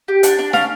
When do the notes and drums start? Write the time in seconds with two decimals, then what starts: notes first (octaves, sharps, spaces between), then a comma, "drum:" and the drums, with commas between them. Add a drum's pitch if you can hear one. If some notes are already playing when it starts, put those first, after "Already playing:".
0.08 G4
0.23 D4 F#5, drum: hi-hat
0.39 D4
0.53 C#4 F5, drum: snare